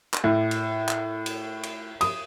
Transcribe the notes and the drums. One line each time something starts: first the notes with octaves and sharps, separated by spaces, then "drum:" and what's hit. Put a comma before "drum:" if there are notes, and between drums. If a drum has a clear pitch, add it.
drum: clap
A2
drum: cymbal
drum: clap
drum: cymbal
drum: cymbal
D#6, drum: cymbal